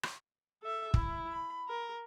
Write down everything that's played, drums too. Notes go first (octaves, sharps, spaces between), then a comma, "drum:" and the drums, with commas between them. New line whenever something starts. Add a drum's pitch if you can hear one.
drum: rim click
A4 E5
E4, drum: kick
B5
A#4